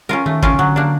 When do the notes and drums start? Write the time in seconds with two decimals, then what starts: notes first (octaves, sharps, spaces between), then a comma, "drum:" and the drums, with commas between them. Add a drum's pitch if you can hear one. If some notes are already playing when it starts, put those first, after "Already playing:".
0.09 C#4 F4 A#4
0.26 D#3 A3
0.43 C#4 F4 A#4, drum: kick
0.54 D#3
0.59 D3 F#3
0.76 A#3 D4